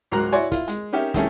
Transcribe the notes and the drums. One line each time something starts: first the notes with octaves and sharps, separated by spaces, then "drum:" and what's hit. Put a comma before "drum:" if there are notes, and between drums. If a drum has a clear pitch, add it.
C#2 G#2 F#3 A#4 A#5 F#6
E4 F#4 C#5 D5 G#5 C6
E4 F4, drum: kick, hi-hat
G#3, drum: hi-hat
C#4 D#4 G4 A#4 E5
D#3 G3 A3 C#4 E4 G#4, drum: kick, hi-hat